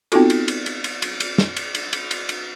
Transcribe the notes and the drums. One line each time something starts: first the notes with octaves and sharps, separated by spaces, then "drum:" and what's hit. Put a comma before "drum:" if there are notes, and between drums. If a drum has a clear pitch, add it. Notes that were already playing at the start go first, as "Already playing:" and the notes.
B3 C4 D#4 F4 F#4 A4, drum: cymbal
drum: cymbal
drum: cymbal
drum: cymbal
drum: cymbal
drum: cymbal
drum: cymbal
drum: snare
drum: cymbal
drum: cymbal
drum: cymbal
drum: cymbal
drum: cymbal